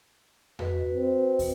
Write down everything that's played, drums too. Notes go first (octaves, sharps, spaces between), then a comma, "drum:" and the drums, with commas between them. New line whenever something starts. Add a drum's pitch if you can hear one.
F#4 B4 D#5, drum: tom F2
C4
drum: kick, open hi-hat